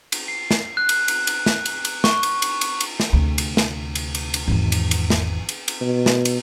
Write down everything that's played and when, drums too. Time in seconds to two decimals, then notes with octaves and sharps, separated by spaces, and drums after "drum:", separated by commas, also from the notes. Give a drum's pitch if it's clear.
0.12 drum: cymbal
0.28 C7
0.51 drum: snare
0.77 F#6
0.89 drum: cymbal
1.08 drum: cymbal
1.27 drum: cymbal
1.46 drum: snare
1.66 drum: cymbal
1.85 drum: cymbal
2.04 C#6, drum: snare
2.23 drum: cymbal
2.42 drum: cymbal
2.61 drum: cymbal
2.80 drum: cymbal
3.00 drum: snare
3.13 D2 C3
3.38 drum: cymbal
3.57 drum: snare
3.95 drum: cymbal
4.15 drum: cymbal
4.34 drum: cymbal
4.48 G#1 E2
4.72 drum: cymbal
4.91 drum: cymbal
5.10 drum: snare
5.49 drum: cymbal
5.68 drum: cymbal
5.81 B2
6.06 drum: snare
6.25 drum: cymbal